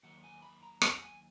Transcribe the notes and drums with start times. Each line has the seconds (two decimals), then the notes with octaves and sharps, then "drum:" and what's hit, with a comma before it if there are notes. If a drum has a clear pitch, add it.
0.03 D#2 D#3 F#3 F#5
0.24 G#5
0.42 B5
0.63 A#5
0.82 A#5, drum: rim click
0.89 G#5
0.97 F#5
1.03 G#5